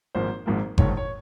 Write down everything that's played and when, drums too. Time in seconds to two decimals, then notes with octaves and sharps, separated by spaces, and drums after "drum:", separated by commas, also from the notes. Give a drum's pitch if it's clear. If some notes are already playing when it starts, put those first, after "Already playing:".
0.15 G#1 G#2 F3 A#3 C5
0.46 G#1 G#2 F3 A#3
0.78 A#1 G#2 D#3 G#3 C#5, drum: kick G1
0.97 C#5